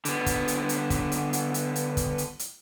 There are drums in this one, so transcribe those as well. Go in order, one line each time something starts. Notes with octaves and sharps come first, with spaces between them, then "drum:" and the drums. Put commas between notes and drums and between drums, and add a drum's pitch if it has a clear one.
D3 B3, drum: hi-hat
drum: kick, hi-hat
drum: hi-hat
drum: hi-hat
drum: kick, hi-hat
drum: hi-hat
drum: hi-hat
drum: hi-hat
drum: hi-hat
drum: kick, hi-hat
drum: hi-hat
drum: hi-hat